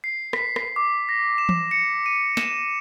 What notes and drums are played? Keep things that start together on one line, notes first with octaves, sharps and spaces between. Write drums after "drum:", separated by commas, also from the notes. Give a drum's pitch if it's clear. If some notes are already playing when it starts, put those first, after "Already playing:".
C7
B6, drum: rim click
drum: rim click
D6
A#6
E7
drum: tom E3
C#7
D#7
E7, drum: snare